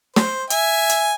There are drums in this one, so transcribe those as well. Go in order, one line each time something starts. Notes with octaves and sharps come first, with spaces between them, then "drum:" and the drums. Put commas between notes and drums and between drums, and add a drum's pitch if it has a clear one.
C5, drum: snare
E5 G#5, drum: hi-hat
drum: hi-hat